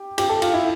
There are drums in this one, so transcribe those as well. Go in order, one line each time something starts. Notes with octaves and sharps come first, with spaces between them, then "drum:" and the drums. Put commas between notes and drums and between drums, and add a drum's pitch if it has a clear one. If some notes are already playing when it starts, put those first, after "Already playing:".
Already playing: G4
G4, drum: cymbal
A4
F4, drum: cymbal
E4